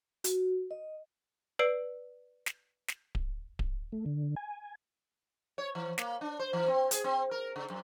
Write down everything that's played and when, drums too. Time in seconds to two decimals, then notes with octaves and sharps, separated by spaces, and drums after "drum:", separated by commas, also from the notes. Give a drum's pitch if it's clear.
0.24 F#4, drum: hi-hat
0.71 D#5
1.59 B4 D5 E6 C7 D7
2.46 drum: snare
2.88 drum: snare
3.15 drum: kick D1
3.59 drum: kick D1
3.92 A3
4.06 D3
4.36 G#5
5.58 C#5
5.75 E3
5.98 A#3, drum: snare
6.21 D4
6.39 C5
6.53 E3
6.68 C4
6.91 G#4, drum: hi-hat
7.04 C4
7.31 A#4
7.56 C#3
7.70 F#2